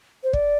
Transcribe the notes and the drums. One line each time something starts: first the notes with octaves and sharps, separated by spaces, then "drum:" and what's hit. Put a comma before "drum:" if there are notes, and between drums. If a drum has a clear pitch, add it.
C5
D5, drum: kick